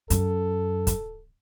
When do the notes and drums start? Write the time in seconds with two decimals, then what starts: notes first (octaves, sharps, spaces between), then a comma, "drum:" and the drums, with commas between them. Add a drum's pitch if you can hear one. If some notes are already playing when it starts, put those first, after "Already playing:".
0.10 F#2 A4, drum: hi-hat
0.87 drum: kick, hi-hat